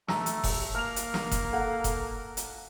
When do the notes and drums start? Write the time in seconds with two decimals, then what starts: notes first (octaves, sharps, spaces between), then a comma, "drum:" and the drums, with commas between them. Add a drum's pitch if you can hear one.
0.08 A3 A#5 E6, drum: snare
0.26 drum: hi-hat
0.44 drum: kick F1, open hi-hat
0.75 A#3 F6 F7
0.96 drum: hi-hat
1.14 drum: snare
1.31 drum: kick F1, hi-hat
1.53 A4 F5 F#5
1.84 drum: kick F1, hi-hat
2.37 drum: hi-hat